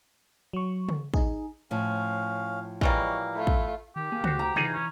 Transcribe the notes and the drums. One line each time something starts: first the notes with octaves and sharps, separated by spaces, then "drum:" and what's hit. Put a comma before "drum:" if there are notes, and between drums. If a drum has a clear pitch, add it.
F#3 C#6
drum: tom C#3
D#4 G#4, drum: kick
A2 F3 C#4 F5
E3 G3 G#3 A#3 C#5, drum: kick
A3 E4 F4
drum: kick
D#3 G4
A#3 G#4
D2 F#4 C5, drum: tom C#3
A#5
E3 D#4 F4 G#4, drum: tom C3
C#4